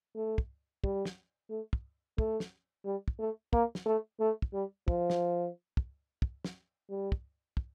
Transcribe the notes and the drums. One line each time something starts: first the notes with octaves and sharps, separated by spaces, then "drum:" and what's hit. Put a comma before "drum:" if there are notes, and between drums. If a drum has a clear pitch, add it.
A3
drum: kick
G3, drum: kick
drum: snare
A3
drum: kick
A3, drum: kick
drum: snare
G3
drum: kick
A3
A#3, drum: kick
drum: snare
A3
A3
drum: kick
G3
F3, drum: kick
drum: snare
drum: kick
drum: kick
drum: snare
G3
drum: kick
drum: kick